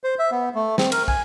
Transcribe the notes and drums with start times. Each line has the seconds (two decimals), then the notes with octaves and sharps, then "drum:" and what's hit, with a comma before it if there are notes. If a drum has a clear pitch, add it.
0.04 C5
0.19 E5
0.32 B3
0.55 A3
0.78 C4, drum: snare
0.92 A#4, drum: cymbal
1.08 G#5, drum: kick